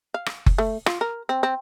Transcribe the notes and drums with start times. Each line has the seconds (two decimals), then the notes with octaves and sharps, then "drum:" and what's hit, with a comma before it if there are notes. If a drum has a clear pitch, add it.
0.14 F5
0.26 drum: rim click
0.46 drum: kick F#1
0.58 A3
0.86 F4, drum: rim click
1.01 A#4
1.29 C4
1.43 C4